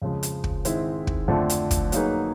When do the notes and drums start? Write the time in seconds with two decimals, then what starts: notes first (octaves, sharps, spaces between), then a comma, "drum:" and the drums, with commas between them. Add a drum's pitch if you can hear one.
0.02 F2 C#3 F3 G#3
0.23 drum: hi-hat
0.44 drum: kick
0.65 G#2 D#3 G#3 C4 E4, drum: hi-hat
1.07 drum: kick
1.28 F2 D3 F3 A3 D4
1.50 drum: hi-hat
1.71 drum: kick, hi-hat
1.92 F#3 A#3 D#4 G#4 B4, drum: hi-hat